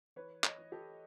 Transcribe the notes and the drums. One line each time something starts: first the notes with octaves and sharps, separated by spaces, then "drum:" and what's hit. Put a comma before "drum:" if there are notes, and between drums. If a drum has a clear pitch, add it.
E3 B4 C#5
C#5 D#5, drum: clap
E3
G4 A4